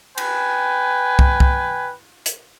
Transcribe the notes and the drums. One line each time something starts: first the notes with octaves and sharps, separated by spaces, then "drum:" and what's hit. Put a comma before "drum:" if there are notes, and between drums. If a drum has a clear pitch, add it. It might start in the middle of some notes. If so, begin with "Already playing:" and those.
B4 G5 G#5, drum: cymbal
drum: kick
drum: kick
drum: hi-hat